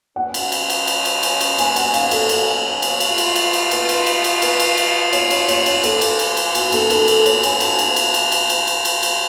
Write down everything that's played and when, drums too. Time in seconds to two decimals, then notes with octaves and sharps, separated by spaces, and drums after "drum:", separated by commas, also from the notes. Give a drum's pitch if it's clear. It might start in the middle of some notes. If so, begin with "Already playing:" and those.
0.16 B2 F#3 C#4 F#5
0.34 drum: cymbal
0.52 drum: cymbal
0.70 drum: cymbal
0.87 drum: cymbal
1.05 drum: cymbal
1.23 drum: cymbal
1.41 drum: cymbal
1.58 G#5, drum: cymbal
1.76 F#5, drum: cymbal
1.94 F5, drum: cymbal
2.11 A4, drum: cymbal
2.29 drum: cymbal
2.82 drum: cymbal
3.00 B2 A3 F4, drum: cymbal
3.18 drum: cymbal
3.36 drum: cymbal
3.53 drum: cymbal
3.71 B4, drum: cymbal
3.89 drum: cymbal
4.06 drum: cymbal
4.24 drum: cymbal
4.42 B4, drum: cymbal
4.60 drum: cymbal
4.77 drum: cymbal
5.13 C#5, drum: cymbal
5.30 drum: cymbal
5.48 C#5, drum: cymbal
5.66 drum: cymbal
5.83 F2 D3 G#3 B3 A4, drum: cymbal
6.01 drum: cymbal
6.19 drum: cymbal
6.37 drum: cymbal
6.55 F#4, drum: cymbal
6.72 A4, drum: cymbal
6.90 A4, drum: cymbal
7.08 A4, drum: cymbal
7.26 C#5, drum: cymbal
7.43 G#5, drum: cymbal
7.60 A5, drum: cymbal
7.79 drum: cymbal
7.96 drum: cymbal
8.14 drum: cymbal
8.32 drum: cymbal
8.49 drum: cymbal
8.67 drum: cymbal
8.85 drum: cymbal
9.03 drum: cymbal